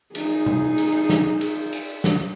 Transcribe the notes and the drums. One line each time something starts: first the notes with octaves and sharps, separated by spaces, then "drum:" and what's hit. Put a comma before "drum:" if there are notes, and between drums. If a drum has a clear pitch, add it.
D#4 G#4, drum: cymbal
drum: tom B2
drum: cymbal
drum: snare
drum: cymbal
drum: cymbal
drum: snare